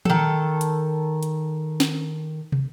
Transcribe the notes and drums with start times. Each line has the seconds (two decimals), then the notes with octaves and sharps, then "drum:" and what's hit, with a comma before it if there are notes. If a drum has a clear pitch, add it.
0.05 D#3 A4, drum: tom E3
0.61 drum: hi-hat
1.23 drum: hi-hat
1.80 drum: snare
2.52 drum: tom